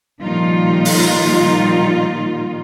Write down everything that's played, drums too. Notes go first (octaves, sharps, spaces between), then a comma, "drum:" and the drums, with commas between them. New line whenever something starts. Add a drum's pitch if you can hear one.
A#2 D#3 F3 G3 D#4 F4
drum: open hi-hat